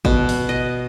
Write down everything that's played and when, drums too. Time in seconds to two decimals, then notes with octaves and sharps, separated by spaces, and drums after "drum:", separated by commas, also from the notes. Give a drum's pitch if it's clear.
0.05 B2, drum: kick G#1
0.29 drum: open hi-hat
0.49 D#5